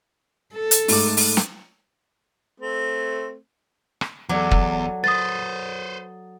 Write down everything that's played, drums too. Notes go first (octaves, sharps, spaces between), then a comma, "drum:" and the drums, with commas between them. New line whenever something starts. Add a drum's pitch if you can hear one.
A4
drum: hi-hat
G#2 A3 D6, drum: open hi-hat
drum: open hi-hat
drum: snare
A3 C4
drum: rim click
E2 F#3 A4 D5 D6
drum: kick
B4 C5 D#6 A6